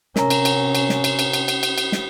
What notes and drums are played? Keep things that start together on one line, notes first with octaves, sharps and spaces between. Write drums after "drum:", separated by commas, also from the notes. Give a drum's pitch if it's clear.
C3 C#4 A#4 A#5, drum: snare
drum: cymbal
drum: cymbal
drum: cymbal
drum: snare
drum: cymbal
drum: cymbal
drum: cymbal
drum: cymbal
drum: cymbal
drum: cymbal
drum: snare